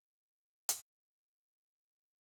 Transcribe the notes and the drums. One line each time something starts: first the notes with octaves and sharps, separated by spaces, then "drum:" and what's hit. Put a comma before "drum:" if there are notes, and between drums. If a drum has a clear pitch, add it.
E4 F4
drum: hi-hat